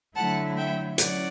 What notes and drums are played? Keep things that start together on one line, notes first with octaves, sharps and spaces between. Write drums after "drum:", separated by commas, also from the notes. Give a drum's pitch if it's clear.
D3 F#3 A3 E4 F#5 A5
E5 G5
F#3 C#4 E4 D5 F#5, drum: hi-hat